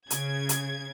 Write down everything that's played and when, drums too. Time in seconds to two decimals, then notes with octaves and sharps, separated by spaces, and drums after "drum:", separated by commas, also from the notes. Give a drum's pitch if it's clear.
0.10 C#3 G#6, drum: hi-hat
0.49 drum: hi-hat